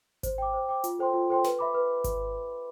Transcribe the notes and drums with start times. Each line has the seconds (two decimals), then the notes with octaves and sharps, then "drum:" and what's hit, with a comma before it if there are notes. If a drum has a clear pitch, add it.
0.23 C5, drum: kick G#1, hi-hat
0.38 G5 D6
0.54 C5
0.69 G5 D6
0.84 F4, drum: hi-hat
0.99 A4 C5 G5 C6
1.14 F4
1.29 A4 C5 G5 C6
1.44 B4, drum: snare
1.59 E5 B5 D6
1.74 B4
2.04 drum: kick G#1, hi-hat